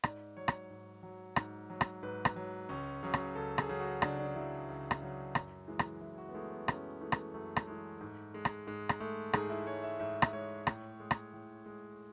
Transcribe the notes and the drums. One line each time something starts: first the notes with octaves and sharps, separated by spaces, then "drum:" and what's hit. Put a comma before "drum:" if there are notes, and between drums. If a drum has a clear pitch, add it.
G#2 D5, drum: rim click
F#3 C#5
drum: rim click
G#2
F#3
G#2, drum: rim click
F#3
drum: rim click
G#2 B4
drum: rim click
F#3
C#2 C#4
C#3 F#3
drum: rim click
C#2 A4
G#4, drum: rim click
C#3 F#3
F#4
C#2 D4, drum: rim click
D4
C#3 F#3 E4
C#2
drum: rim click
C#3 F#3
F#2, drum: rim click
E3 G#3
drum: rim click
F#2 E4
F#4
B3
E3 G#3 A3
B3
F#2 C#4, drum: rim click
E3 G#3 A3
drum: rim click
F#2 A3
drum: rim click
E3 G#3
G#2
G#3
drum: rim click
G#2 G#3
drum: rim click
G#3 A3
G#2 G#4, drum: rim click
E4
G#3 C#5
E5
G#2 E5
drum: rim click
G#3 C#5
A2, drum: rim click
G#3
drum: rim click
A2
G#3